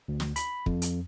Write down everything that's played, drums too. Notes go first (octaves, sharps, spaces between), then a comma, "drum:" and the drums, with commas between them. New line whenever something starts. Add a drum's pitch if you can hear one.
D2
drum: snare
B5, drum: hi-hat
F2, drum: kick
drum: hi-hat